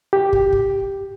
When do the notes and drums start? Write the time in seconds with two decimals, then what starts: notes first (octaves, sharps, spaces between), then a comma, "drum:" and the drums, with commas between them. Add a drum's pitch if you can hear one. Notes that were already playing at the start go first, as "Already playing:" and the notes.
0.13 G4
0.33 drum: kick
0.53 drum: kick